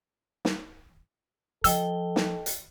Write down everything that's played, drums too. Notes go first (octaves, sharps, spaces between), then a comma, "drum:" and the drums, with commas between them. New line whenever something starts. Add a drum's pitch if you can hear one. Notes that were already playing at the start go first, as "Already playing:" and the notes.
drum: snare
F3 A4 D#5 G5 E6 G7, drum: hi-hat
drum: snare
drum: hi-hat